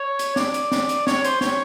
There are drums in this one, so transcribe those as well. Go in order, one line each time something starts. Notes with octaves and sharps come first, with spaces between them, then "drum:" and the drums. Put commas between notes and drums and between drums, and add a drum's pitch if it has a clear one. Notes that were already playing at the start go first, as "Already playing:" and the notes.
Already playing: C#5
drum: hi-hat
D5, drum: snare C4
drum: hi-hat
drum: snare C4
drum: hi-hat
C#5, drum: snare C4
C5, drum: hi-hat
C#5, drum: snare C4